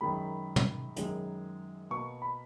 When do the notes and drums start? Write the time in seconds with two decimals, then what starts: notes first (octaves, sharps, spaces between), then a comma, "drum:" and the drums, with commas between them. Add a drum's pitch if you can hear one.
0.01 F#2 D#3 G#3 B5
0.56 drum: tom
0.96 F#2 D#3 G#3, drum: hi-hat
1.90 B2 A#3 C#6
2.22 B5